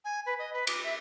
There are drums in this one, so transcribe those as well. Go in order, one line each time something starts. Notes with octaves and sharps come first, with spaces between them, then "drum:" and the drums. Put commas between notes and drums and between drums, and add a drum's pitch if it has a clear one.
G#5
B4
D#5
B4
D6, drum: cymbal
E5